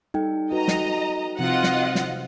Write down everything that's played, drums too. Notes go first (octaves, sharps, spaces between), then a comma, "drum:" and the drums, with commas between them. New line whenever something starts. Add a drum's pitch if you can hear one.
G3 D#4 A4 G5
F#4 B4 D#5 A#5
drum: snare
C3 F3 C4 F4 D#5 F#5
drum: snare
drum: snare